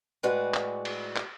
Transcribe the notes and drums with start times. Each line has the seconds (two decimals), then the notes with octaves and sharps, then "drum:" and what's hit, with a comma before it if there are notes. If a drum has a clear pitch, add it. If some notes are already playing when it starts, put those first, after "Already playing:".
0.23 A2 G#3 F#4 G#4 B4 D5
0.54 drum: clap
0.85 drum: cymbal
1.16 drum: clap